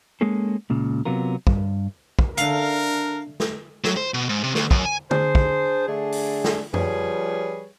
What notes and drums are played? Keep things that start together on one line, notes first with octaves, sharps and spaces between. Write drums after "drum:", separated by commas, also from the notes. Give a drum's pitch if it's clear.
G#3 A#3 C#4 G#4 A4
C#2 A#2 C#3
C3 F#3 B3 F4 A#4
G2, drum: kick
drum: kick
D3 A3 D4 A#4 F5, drum: hi-hat
drum: snare
F#3, drum: snare
C5
B2
G#2
C3
D2, drum: snare
F#2, drum: kick
G#5
D4 G#4 C5, drum: tom
drum: kick
D3 A3 D4 G#4
drum: open hi-hat
drum: snare
F3 G3 G#4 B4 C#5, drum: tom F#2